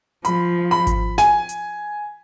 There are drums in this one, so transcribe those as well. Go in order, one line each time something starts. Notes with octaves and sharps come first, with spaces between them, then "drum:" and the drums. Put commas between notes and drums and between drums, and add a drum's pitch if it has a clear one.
F3 B5, drum: hi-hat
B5
drum: kick G#1, hi-hat
G#5, drum: snare
drum: hi-hat